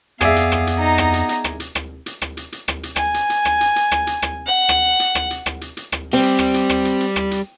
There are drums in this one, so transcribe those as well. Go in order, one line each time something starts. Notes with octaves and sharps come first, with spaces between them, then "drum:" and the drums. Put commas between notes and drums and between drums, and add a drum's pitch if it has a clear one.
F2 B3 G#4 D5 E5 F5, drum: rim click
drum: hi-hat
drum: rim click
drum: hi-hat
D#4 A#5
drum: rim click
drum: hi-hat
drum: hi-hat
drum: rim click
drum: hi-hat
drum: rim click
drum: hi-hat
drum: rim click
drum: hi-hat
drum: hi-hat
drum: rim click
drum: hi-hat
G#5, drum: rim click
drum: hi-hat
drum: hi-hat
drum: rim click
drum: hi-hat
drum: hi-hat
drum: rim click
drum: hi-hat
drum: rim click
F#5
drum: rim click
drum: hi-hat
drum: rim click
drum: hi-hat
drum: rim click
drum: hi-hat
drum: hi-hat
drum: rim click
G3 C4
drum: hi-hat
drum: rim click
drum: hi-hat
drum: rim click
drum: hi-hat
drum: hi-hat
drum: rim click
drum: hi-hat